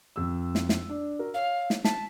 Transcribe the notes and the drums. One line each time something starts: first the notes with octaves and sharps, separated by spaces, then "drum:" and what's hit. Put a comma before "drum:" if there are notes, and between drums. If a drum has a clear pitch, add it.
F2 E6
drum: snare
drum: snare
D4
F#4 A#4
C#5 F5
drum: snare
A5 B6, drum: snare